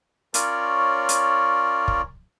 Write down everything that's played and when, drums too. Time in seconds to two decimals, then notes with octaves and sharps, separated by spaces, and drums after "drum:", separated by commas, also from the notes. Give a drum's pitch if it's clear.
0.34 C#4 F4 A#4 C#5 D5, drum: hi-hat
1.09 drum: hi-hat
1.88 drum: kick